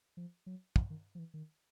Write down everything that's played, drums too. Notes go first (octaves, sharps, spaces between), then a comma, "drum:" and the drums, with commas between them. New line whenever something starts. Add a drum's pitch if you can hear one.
F3
F#3
F3, drum: kick
D#3
F3
E3
D#3